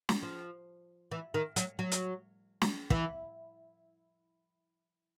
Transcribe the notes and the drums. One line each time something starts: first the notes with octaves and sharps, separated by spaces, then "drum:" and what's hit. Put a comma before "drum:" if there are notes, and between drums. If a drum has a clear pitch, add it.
drum: snare
F3
E3
D#3
F#3, drum: hi-hat
F#3
drum: hi-hat
drum: snare
E3, drum: kick